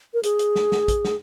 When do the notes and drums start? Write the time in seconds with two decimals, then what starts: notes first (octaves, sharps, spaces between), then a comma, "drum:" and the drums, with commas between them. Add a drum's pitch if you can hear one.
0.14 A#4
0.23 G#4, drum: hi-hat
0.39 drum: hi-hat
0.56 drum: snare
0.72 drum: snare
0.88 drum: kick, hi-hat
1.05 drum: snare